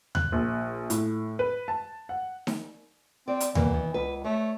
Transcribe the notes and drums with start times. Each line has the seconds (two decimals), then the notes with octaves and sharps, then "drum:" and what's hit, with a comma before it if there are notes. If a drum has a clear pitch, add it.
0.15 F#6, drum: tom D#2
0.32 A#1
0.90 A2, drum: hi-hat
1.39 B4
1.68 A5
2.09 F#5
2.47 drum: snare D#4
3.28 C4 D5
3.40 drum: hi-hat
3.55 B2 E3 A#3, drum: tom D#2
3.74 D#3
3.94 C#2 B4
4.25 A3 C#5